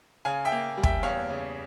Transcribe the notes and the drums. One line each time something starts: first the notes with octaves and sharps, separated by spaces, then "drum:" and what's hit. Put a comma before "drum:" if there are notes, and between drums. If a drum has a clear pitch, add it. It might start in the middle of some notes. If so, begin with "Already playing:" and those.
C#3 F5 G#5
E5 G5
A#3
G3
E5 G5, drum: kick
E2 C#5 F5
C#3